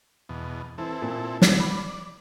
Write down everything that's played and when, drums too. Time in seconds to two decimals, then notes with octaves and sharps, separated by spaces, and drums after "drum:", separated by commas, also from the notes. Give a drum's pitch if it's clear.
0.29 E2 B2
0.78 E3 C4 E4 A4
1.02 A#2
1.42 drum: snare
1.60 D5 B5